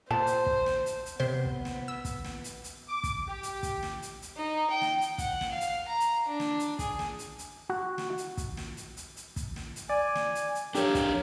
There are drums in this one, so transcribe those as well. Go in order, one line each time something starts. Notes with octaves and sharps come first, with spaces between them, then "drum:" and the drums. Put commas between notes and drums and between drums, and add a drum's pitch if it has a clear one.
A#2 C5 A5
drum: hi-hat
drum: kick
drum: snare
drum: hi-hat
drum: hi-hat
C3 B3 C5
drum: kick
drum: snare
E6
drum: kick, hi-hat
drum: snare
drum: hi-hat
drum: hi-hat
D6
drum: kick, hi-hat
G4
drum: hi-hat
drum: kick, hi-hat
drum: snare
drum: hi-hat
drum: hi-hat
D#4
G5
drum: snare
drum: hi-hat
F#5, drum: kick, hi-hat
drum: snare
F5
drum: hi-hat
A#5
drum: hi-hat
D4
drum: snare
drum: hi-hat
G#4, drum: kick, hi-hat
drum: snare
drum: hi-hat
drum: hi-hat
F#4
drum: snare
drum: hi-hat
drum: kick, hi-hat
drum: snare
drum: hi-hat
drum: hi-hat
drum: hi-hat
drum: kick, hi-hat
drum: snare
drum: hi-hat
D5 G#5 D6
drum: snare
drum: hi-hat
drum: hi-hat
D4 G4 A4 A#4 C#5, drum: hi-hat
drum: kick, hi-hat